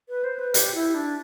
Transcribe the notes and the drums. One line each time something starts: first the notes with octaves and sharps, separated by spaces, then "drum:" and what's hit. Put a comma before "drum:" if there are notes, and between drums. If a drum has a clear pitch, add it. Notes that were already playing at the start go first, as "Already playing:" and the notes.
B4
C5
B4
G4, drum: hi-hat
E4
D4